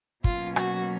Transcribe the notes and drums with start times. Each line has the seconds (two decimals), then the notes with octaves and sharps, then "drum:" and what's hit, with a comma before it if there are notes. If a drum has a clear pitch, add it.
0.24 B2 F#3 A#3 C#4 F4, drum: kick
0.56 F#4, drum: rim click